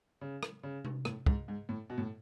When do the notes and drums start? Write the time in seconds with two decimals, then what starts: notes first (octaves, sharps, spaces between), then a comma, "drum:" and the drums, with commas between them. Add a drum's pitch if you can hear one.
0.21 C#3
0.43 drum: rim click
0.63 C#3
0.85 drum: tom C3
1.05 A2, drum: rim click
1.26 G#2, drum: kick
1.48 G#2
1.69 A2
1.90 B2
1.98 A2